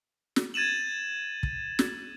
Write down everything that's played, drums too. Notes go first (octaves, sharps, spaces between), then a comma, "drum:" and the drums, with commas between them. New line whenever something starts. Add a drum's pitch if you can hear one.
drum: snare
G#6 A6 D#7 E7 F#7
drum: kick
drum: snare